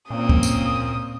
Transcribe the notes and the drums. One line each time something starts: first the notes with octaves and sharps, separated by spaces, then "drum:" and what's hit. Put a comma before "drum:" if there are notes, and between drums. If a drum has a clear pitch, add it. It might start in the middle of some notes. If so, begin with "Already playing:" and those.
A#2 A#3 C4 C#4 D#6
drum: kick
drum: tambourine